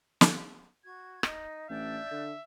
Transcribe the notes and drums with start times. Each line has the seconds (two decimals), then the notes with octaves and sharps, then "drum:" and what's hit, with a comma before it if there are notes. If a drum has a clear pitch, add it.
0.21 drum: snare
0.84 F#4 G#6
1.23 D#4, drum: rim click
1.70 A1 D4 D5 E5 G6
2.11 D3